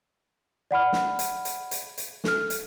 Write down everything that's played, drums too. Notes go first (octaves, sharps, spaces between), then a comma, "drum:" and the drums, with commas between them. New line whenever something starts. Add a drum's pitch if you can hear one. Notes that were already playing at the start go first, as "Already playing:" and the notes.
D5 F#5 B5 F6
drum: snare
drum: hi-hat
drum: hi-hat
drum: hi-hat
drum: hi-hat
A4 F6, drum: snare
drum: hi-hat